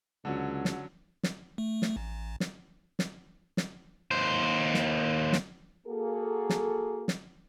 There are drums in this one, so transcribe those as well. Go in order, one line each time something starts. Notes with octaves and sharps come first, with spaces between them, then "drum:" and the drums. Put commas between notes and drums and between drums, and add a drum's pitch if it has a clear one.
C#2 D3 F#3 C#4
drum: snare
drum: snare
A3
drum: snare
A1
drum: snare
drum: snare
drum: snare
D#2 C5
drum: snare
drum: snare
A#3 F#4 G#4 A4
drum: snare
drum: snare